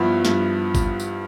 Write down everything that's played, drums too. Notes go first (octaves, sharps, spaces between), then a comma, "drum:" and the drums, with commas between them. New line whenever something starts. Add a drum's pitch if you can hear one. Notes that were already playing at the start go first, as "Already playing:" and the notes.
Already playing: G2 F3 B3 E4
G2, drum: snare
drum: kick G#1, tambourine
drum: tambourine